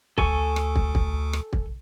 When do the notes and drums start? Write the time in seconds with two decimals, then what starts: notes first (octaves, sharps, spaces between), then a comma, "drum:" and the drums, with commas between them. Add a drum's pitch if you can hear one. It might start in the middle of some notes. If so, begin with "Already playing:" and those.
0.18 D2 A4 G#5 C#6, drum: kick
0.56 drum: rim click
0.76 drum: kick
0.95 drum: kick
1.33 drum: rim click
1.53 drum: kick